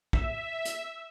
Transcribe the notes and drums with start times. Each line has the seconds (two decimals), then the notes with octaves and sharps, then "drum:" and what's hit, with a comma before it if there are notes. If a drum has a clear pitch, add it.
0.13 E5, drum: kick
0.65 drum: hi-hat